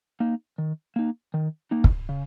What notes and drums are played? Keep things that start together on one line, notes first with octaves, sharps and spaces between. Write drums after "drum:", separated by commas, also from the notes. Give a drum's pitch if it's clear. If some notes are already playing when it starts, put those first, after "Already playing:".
A#3 D#4
D#3
A#3 D#4
D#3
A#3 D#4
drum: kick
C#3